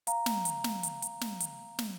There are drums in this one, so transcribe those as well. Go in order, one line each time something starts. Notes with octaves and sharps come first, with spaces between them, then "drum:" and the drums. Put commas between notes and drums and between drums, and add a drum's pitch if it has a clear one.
F5 A#5, drum: hi-hat
drum: snare
drum: hi-hat
drum: snare
drum: hi-hat
drum: hi-hat
drum: snare
drum: hi-hat
drum: snare